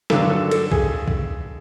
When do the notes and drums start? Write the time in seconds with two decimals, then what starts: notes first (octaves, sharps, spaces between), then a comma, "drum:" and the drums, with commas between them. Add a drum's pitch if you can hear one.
0.10 G2 D3 F#3 A4, drum: snare
0.30 A4
0.51 A4, drum: cymbal
0.72 G#4, drum: kick B1
1.08 drum: kick B1